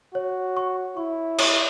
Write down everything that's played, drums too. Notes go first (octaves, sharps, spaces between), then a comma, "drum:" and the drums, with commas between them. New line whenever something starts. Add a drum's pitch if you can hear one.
F#4 C#5
C#6
E4 C#6
C#5, drum: cymbal